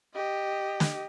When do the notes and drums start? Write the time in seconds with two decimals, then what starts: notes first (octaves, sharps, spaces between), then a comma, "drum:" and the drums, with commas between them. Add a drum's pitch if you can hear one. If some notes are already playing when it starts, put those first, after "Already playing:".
0.14 G4 D#5
0.80 drum: snare